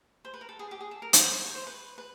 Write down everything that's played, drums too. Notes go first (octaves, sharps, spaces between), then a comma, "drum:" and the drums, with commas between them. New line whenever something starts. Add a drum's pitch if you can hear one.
C5
B4
A#4
A4
G#4
G4
G#4
A4
A#4
C5, drum: hi-hat
C5
C#5
C5
B4
B4